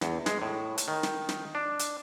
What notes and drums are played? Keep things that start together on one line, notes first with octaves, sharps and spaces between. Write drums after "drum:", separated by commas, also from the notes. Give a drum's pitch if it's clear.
E2, drum: snare
G#3, drum: snare
A2
drum: hi-hat
D#3
drum: snare
drum: snare
D4
drum: hi-hat